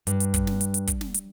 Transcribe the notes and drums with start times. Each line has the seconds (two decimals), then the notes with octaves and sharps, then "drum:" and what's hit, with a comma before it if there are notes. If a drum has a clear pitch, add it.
0.07 G2, drum: hi-hat
0.20 drum: hi-hat
0.34 drum: kick, hi-hat
0.47 drum: snare
0.61 drum: hi-hat
0.74 drum: hi-hat
0.87 drum: kick, hi-hat
1.01 drum: snare
1.14 drum: hi-hat